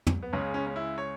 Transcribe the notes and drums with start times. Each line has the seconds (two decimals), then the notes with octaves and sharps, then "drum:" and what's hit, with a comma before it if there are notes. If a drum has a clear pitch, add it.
0.07 drum: tom
0.23 B3
0.33 C#2 C#3 G#3 C#4
0.54 C#4
0.67 C#4
0.76 E4
0.98 C#5